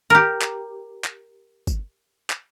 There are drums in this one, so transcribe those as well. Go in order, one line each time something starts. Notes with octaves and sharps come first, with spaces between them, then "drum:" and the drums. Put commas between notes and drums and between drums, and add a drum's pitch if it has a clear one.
G4 A#4
drum: clap
drum: clap
drum: kick, tambourine
drum: clap